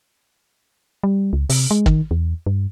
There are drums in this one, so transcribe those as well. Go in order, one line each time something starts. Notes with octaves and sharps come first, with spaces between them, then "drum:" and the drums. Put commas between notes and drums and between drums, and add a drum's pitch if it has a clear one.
G3
C#2
C3, drum: open hi-hat
G#3
D#3, drum: kick
E2
G2